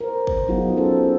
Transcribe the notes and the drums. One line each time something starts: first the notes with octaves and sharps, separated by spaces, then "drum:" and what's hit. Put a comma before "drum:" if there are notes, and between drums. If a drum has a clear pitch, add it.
A#4 C5
drum: kick
F#3 B3 D#4 F4 F#4 G#4
C#4 D#4 A4 C5